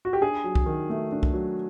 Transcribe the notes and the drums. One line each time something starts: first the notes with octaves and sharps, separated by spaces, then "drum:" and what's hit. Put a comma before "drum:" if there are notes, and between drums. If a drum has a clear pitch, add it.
F#4
G4
D4 G#4
F#3
drum: kick C2
D#3
A3
D4
drum: kick C2
F#3